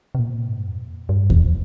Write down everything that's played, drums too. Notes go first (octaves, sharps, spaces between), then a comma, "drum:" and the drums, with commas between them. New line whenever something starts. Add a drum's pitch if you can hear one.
C3
A#2
G#2
G2
F2
G2
F2, drum: kick D#2